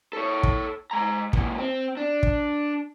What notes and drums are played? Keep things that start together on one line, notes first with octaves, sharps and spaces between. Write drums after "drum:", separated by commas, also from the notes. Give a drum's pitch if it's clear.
A4 C#5
drum: kick
G#3 A#5
C#2 A#2, drum: kick
C4
D4
drum: kick